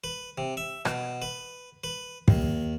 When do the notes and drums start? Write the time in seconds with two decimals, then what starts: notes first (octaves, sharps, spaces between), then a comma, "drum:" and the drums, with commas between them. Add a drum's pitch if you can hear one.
0.04 B4
0.38 C3
0.57 E5
0.85 B2, drum: rim click
1.22 B4
1.84 B4
2.28 D#2, drum: kick